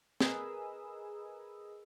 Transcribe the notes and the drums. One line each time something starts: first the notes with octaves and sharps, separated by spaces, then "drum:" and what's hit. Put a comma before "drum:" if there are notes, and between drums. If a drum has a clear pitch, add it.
G#4 A#4 B4 D#5 D#6 E6, drum: snare